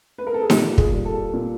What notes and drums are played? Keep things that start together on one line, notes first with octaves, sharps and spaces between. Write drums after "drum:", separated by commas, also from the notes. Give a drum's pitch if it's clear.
B4
A#4
A4
G#4
A#2 G4, drum: snare D#4
G#4, drum: kick
G3
A4
A#2